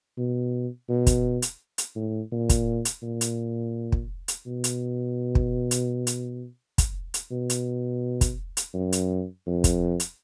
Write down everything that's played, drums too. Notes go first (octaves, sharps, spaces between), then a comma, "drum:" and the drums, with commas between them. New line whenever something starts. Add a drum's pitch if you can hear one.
B2
B2
drum: kick, hi-hat
drum: hi-hat
drum: hi-hat
A2
A#2
drum: kick, hi-hat
drum: hi-hat
A#2
drum: hi-hat
drum: kick
drum: hi-hat
B2
drum: hi-hat
drum: kick
drum: hi-hat
drum: hi-hat
drum: kick, hi-hat
drum: hi-hat
B2
drum: hi-hat
drum: kick, hi-hat
drum: hi-hat
F#2
drum: hi-hat
F2
drum: kick, hi-hat
drum: hi-hat